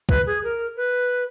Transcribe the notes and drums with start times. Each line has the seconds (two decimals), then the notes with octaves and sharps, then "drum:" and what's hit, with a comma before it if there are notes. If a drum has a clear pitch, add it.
0.09 B4, drum: kick B1
0.26 G#4
0.43 A#4
0.76 B4